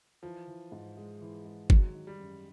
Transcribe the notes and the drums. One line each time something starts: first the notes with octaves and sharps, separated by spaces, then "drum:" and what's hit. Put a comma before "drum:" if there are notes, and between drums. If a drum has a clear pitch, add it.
E3 F3
E3
G#2
G#3
E3
G#3
D#3 F#3, drum: kick
D#3
G3
F#2